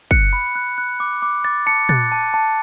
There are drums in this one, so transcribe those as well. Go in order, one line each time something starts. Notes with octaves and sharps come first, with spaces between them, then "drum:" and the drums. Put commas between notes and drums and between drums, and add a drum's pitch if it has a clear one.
F#6 C#7, drum: kick
B5
F#6
F#6
D6
D6
D6 A6
A5 C#7
F#6 A6, drum: tom A#2
A5
A5